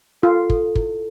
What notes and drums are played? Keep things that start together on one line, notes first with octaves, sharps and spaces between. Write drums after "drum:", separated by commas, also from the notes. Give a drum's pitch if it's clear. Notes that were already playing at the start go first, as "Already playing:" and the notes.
F4 A4
A4, drum: kick
E4, drum: kick